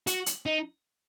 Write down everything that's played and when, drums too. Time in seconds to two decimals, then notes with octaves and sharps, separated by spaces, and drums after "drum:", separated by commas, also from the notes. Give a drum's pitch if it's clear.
0.07 F#4, drum: hi-hat
0.26 drum: hi-hat
0.46 D#4